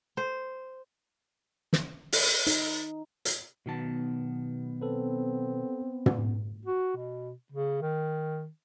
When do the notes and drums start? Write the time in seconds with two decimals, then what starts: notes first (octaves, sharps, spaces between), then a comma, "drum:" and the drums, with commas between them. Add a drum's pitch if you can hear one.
0.17 C5
1.73 drum: snare
2.12 drum: open hi-hat
2.47 D#4, drum: hi-hat
3.25 drum: hi-hat
3.66 B1 B2 D#3 B3 A5
4.82 C4 A4 B4
6.06 drum: tom
6.66 F#4
6.97 B2
7.52 C#3
7.82 D#3